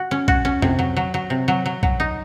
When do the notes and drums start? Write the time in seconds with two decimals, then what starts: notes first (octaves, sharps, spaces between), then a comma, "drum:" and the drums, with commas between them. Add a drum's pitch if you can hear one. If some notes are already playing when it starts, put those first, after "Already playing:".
Already playing: F#4
0.11 C#4
0.28 F#4, drum: kick
0.45 C#4
0.62 C3, drum: tom F2
0.79 F#3
0.96 F#3
1.14 F#3
1.30 C3
1.48 F#3
1.66 F#3
1.83 F#3, drum: kick
2.00 D#4